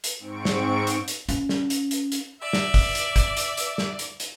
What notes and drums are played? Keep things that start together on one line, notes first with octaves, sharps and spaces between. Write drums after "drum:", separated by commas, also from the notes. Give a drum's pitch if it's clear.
drum: hi-hat
G#2 C4 C#6 D7
drum: snare
drum: hi-hat
drum: hi-hat
C#4, drum: hi-hat
drum: snare
drum: hi-hat
drum: hi-hat
drum: hi-hat
D5 E5
drum: snare
drum: kick, open hi-hat
drum: hi-hat
drum: kick, hi-hat
drum: hi-hat
drum: hi-hat
drum: snare
drum: hi-hat
drum: hi-hat